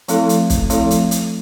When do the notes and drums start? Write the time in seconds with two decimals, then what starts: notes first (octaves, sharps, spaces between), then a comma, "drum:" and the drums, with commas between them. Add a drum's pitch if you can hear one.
0.08 F3 A3 C4 E4 A4, drum: hi-hat
0.29 drum: hi-hat
0.50 drum: kick, hi-hat
0.70 F3 A3 C4 E4 A4, drum: hi-hat
0.91 drum: hi-hat
1.11 drum: hi-hat